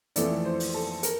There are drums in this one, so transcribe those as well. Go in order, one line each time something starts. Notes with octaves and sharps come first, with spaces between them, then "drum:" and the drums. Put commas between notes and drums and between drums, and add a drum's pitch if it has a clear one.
F2 E3 A3 E4 D5, drum: hi-hat
C5
drum: open hi-hat
A4
A#4, drum: hi-hat